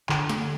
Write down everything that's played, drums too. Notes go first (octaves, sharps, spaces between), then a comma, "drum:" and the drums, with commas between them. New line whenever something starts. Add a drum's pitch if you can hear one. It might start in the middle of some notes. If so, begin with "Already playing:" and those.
D3, drum: clap
drum: snare